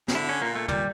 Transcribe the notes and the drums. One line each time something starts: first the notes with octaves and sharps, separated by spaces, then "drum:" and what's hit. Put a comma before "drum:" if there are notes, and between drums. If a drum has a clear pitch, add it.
C#3, drum: snare
D3 E4
C#4
A#2 A#3
A3
A#2 G3, drum: tom